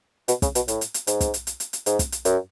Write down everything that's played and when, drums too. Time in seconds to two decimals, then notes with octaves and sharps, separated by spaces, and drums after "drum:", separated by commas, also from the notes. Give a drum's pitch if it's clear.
0.28 B2, drum: hi-hat
0.42 C#3, drum: kick, hi-hat
0.55 B2, drum: hi-hat
0.68 A2, drum: hi-hat
0.81 drum: hi-hat
0.94 drum: hi-hat
1.07 G#2, drum: hi-hat
1.21 drum: kick, hi-hat
1.34 drum: hi-hat
1.47 drum: hi-hat
1.60 drum: hi-hat
1.73 drum: hi-hat
1.86 G#2, drum: hi-hat
1.99 drum: kick, hi-hat
2.12 drum: hi-hat
2.25 F#2, drum: hi-hat